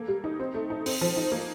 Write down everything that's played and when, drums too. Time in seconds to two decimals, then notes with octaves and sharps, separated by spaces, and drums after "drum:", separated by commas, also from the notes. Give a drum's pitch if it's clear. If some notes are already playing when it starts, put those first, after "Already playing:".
Already playing: A#3 A4
0.08 G3
0.24 D#4
0.40 C4
0.54 A3
0.70 D#4
0.86 C4, drum: open hi-hat
1.01 F3
1.16 D#4
1.32 A#3